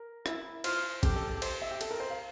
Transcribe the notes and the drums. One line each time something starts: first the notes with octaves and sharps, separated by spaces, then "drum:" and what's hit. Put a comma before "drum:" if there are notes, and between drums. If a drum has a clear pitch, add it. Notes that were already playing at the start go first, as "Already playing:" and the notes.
Already playing: A#4
E4, drum: rim click
F4 C5, drum: cymbal
G4 A4, drum: kick G1, cymbal
A4
A4
C5, drum: cymbal
E5
G4
A4, drum: cymbal
A#4
C5
F5